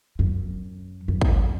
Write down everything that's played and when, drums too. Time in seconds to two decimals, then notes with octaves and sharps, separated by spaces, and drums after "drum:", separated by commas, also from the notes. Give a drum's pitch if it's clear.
0.19 F#2
1.08 F#2
1.21 drum: kick